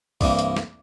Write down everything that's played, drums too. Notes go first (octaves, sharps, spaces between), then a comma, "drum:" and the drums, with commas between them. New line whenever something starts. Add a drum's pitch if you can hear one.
C2 G2 E3 A#3, drum: kick B1, open hi-hat
drum: hi-hat
drum: snare